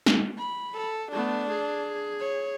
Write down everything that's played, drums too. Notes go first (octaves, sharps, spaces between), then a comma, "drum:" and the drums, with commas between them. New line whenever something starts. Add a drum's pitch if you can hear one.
drum: snare
B5
A4
A3 B3 D4
G#4
C#5